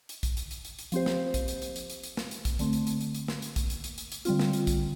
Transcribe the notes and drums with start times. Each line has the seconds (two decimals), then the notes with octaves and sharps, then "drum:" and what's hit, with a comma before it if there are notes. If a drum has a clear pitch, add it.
0.09 drum: hi-hat
0.23 drum: kick, hi-hat
0.37 drum: hi-hat
0.51 drum: hi-hat
0.65 drum: hi-hat
0.79 drum: hi-hat
0.92 F3 C4 G4 C5, drum: hi-hat
1.06 drum: snare
1.34 drum: kick, hi-hat
1.48 drum: hi-hat
1.62 drum: hi-hat
1.76 drum: hi-hat
1.90 drum: hi-hat
2.03 drum: hi-hat
2.17 drum: snare
2.31 drum: hi-hat
2.45 drum: kick, hi-hat
2.59 D3 A3 C4, drum: hi-hat
2.73 drum: hi-hat
2.87 drum: hi-hat
3.01 drum: hi-hat
3.15 drum: hi-hat
3.28 drum: snare
3.42 drum: hi-hat
3.56 drum: kick, hi-hat
3.70 drum: hi-hat
3.84 drum: hi-hat
3.98 drum: hi-hat
4.12 drum: hi-hat
4.25 D3 G3 C4 F4, drum: hi-hat
4.39 drum: snare
4.53 drum: hi-hat
4.67 drum: kick, hi-hat